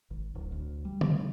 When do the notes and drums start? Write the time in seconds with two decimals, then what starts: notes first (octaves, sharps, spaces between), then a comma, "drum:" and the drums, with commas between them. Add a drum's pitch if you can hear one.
0.11 G#1
0.35 D1
0.52 D2
0.85 G3
1.01 drum: tom C#3